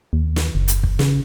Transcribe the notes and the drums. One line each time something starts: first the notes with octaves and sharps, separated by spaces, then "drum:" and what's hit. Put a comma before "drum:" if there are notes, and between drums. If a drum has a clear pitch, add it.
D#2
drum: snare
F#1
drum: hi-hat
drum: kick
C#3, drum: snare